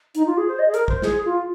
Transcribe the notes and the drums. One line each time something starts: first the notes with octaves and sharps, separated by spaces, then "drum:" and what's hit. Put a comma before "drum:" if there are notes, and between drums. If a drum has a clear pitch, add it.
D#4, drum: hi-hat
F4
G#4
C5
D#5
G#4
A#4, drum: hi-hat
C5, drum: kick
G#4, drum: snare
F4